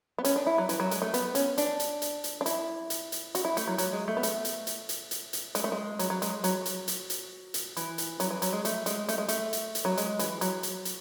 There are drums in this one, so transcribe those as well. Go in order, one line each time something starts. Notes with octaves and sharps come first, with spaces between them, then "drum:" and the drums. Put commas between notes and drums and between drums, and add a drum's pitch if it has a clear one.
B3
C#4, drum: hi-hat
D4
E4
F#3
E3, drum: hi-hat
F#3
G#3, drum: hi-hat
A3
B3, drum: hi-hat
C#4, drum: hi-hat
D4, drum: hi-hat
drum: hi-hat
drum: hi-hat
drum: hi-hat
D4
E4, drum: hi-hat
drum: hi-hat
drum: hi-hat
F#4, drum: hi-hat
E4
A3, drum: hi-hat
F#3
F#3, drum: hi-hat
G#3
A3
B3
A3, drum: hi-hat
drum: hi-hat
drum: hi-hat
drum: hi-hat
drum: hi-hat
drum: hi-hat
G#3, drum: hi-hat
A3
G#3
F#3, drum: hi-hat
F#3
G#3, drum: hi-hat
F#3, drum: hi-hat
drum: hi-hat
drum: hi-hat
drum: hi-hat
drum: hi-hat
E3, drum: hi-hat
drum: hi-hat
F#3, drum: hi-hat
E3
F#3, drum: hi-hat
G#3
A3, drum: hi-hat
G#3, drum: hi-hat
A3, drum: hi-hat
G#3
A3, drum: hi-hat
drum: hi-hat
drum: hi-hat
F#3
G#3, drum: hi-hat
E3, drum: hi-hat
F#3, drum: hi-hat
drum: hi-hat
drum: hi-hat